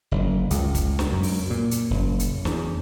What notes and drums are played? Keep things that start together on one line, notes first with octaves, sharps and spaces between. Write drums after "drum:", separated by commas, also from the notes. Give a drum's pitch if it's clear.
F#1
C#2, drum: hi-hat
drum: kick, hi-hat
drum: snare
F#2
drum: open hi-hat
A#2
drum: hi-hat
F#1
drum: hi-hat
E2, drum: snare